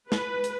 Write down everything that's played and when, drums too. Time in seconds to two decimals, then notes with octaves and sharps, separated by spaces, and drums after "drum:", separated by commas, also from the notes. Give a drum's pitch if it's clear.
0.12 B4, drum: snare
0.44 drum: hi-hat